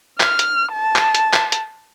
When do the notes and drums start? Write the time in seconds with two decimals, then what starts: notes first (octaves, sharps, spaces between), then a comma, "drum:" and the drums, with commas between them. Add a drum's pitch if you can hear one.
0.20 F6, drum: clap
0.39 drum: hi-hat
0.72 A5
0.96 drum: clap
1.15 drum: hi-hat
1.33 drum: clap
1.52 drum: hi-hat